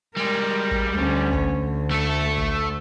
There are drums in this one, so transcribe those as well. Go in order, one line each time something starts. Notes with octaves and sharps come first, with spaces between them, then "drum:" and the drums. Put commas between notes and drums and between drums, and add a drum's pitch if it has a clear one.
G3 G#3 A#4
drum: kick
D2 C#4
drum: kick
D2
A3 A4
drum: kick